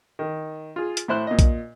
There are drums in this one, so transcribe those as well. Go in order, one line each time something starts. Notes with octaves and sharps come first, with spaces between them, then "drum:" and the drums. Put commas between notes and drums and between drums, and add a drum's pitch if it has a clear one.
D#3
F4 G#4
drum: hi-hat
A2 E4 C5 F#6
A#2 D#5
drum: kick, hi-hat